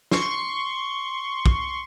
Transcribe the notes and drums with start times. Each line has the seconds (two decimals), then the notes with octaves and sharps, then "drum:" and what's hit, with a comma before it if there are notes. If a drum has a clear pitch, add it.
0.11 C6 C#6, drum: snare
1.46 drum: kick